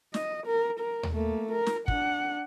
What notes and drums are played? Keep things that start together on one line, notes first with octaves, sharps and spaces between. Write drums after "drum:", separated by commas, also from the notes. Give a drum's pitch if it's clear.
D#5, drum: snare
A#4
A#4
drum: tom D#2
A3 A#3
A#4
drum: snare
D4 F#5, drum: kick